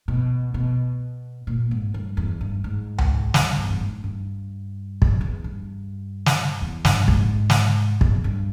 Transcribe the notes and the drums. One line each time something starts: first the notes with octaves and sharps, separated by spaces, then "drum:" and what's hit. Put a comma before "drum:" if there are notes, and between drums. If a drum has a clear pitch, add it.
B2
B2
A#2
G#2
G2
E2
G2
G#2
drum: tom C#2
G2, drum: snare
E2
G2
G#2
G2
drum: kick
E2
G2
drum: snare
E2
G2, drum: snare
G#2, drum: kick
drum: snare
E2, drum: kick
G2